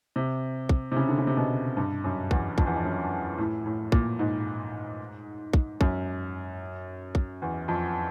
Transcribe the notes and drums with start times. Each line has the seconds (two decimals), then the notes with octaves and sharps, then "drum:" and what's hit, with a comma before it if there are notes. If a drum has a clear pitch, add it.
0.16 C3
0.69 drum: kick
0.92 C3
0.96 C#3
1.08 D3
1.18 C#3
1.27 C3
1.37 B2
1.77 G2
2.04 F#2
2.31 E2, drum: kick
2.58 F2, drum: kick
2.67 E2
2.76 F2
2.85 F#2
3.38 A2
3.66 A2
3.92 A#2, drum: kick
4.19 G#2
5.53 drum: kick
5.81 F#2, drum: kick
7.15 drum: kick
7.42 E2
7.68 F2